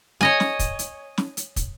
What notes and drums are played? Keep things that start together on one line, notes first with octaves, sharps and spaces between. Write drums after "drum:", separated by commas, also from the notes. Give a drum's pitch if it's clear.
C#5 D#5 G#5, drum: snare
drum: snare
drum: kick, hi-hat
drum: hi-hat
drum: snare
drum: hi-hat
drum: kick, hi-hat